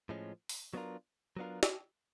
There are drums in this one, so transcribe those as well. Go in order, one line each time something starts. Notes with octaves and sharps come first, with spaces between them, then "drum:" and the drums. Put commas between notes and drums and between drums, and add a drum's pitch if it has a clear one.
A2 F3 G#3 C#4
drum: open hi-hat
F#3 B3 D4 F4 A#4
F#3 B3 D4 F4 A#4
drum: snare